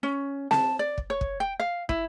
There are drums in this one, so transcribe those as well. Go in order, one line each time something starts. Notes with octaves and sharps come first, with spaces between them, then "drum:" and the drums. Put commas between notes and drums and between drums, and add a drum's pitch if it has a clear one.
C#4
A5, drum: snare C4
D5
drum: kick
C#5
drum: kick
G5
F5
E4, drum: kick